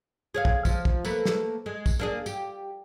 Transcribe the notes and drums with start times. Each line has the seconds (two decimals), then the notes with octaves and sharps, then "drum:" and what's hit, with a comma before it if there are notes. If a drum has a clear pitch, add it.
0.34 G#4 C#5 F5
0.45 drum: kick
0.65 F3, drum: kick, tambourine
0.85 drum: kick
1.05 A3 A#3 B4, drum: tambourine
1.25 drum: snare
1.66 G#3
1.86 drum: kick, tambourine
1.99 A#3 D4 G#4
2.26 G4, drum: tambourine